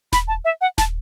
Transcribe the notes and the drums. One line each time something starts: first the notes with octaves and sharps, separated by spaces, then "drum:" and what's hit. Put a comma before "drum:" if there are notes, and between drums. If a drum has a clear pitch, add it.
B5, drum: snare D#1
A5
E5
F#5
A5, drum: snare D#1